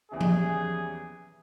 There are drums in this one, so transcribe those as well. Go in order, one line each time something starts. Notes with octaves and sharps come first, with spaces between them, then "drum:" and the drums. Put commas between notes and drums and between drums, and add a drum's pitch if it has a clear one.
E2 E3 G3 C#4 E4 G#4
drum: tom F3